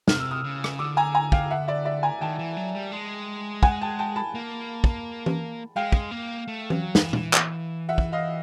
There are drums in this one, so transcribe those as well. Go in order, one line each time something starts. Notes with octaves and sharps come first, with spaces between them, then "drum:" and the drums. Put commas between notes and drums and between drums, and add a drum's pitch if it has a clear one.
C3 F6, drum: snare
E6
D#6 F6
C#3
drum: rim click
D3 D6 E6
G#5 A#5
G#5 A#5
F5 G5, drum: kick
E5 F#5
D5 E5
D5 E5
G#5 A#5
D#3 G5 A5
E3
F#3
G3
G#3
F#5 G#5, drum: kick
G5 A5
G5 A5
A5 B5
A#3
drum: kick
drum: tom E3
G#3 F5 G5
drum: kick
A#3
A3
F#3, drum: tom E3
E3, drum: snare
drum: tom A#2
drum: clap
E5 F#5
drum: kick
D#5 F5